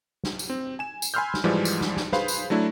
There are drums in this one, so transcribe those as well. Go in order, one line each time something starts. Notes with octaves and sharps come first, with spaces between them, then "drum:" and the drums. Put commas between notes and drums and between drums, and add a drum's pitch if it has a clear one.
drum: snare
drum: tambourine
C4
G#5 E7
drum: tambourine
G#5 B5 C6 E6 F6 G6
drum: snare
G#2 E3 F3 G3 G#3
drum: tambourine
drum: snare
drum: snare
G#4 B4 C5 F5 B5 C6, drum: snare
drum: tambourine
F#3 A3 D4 E4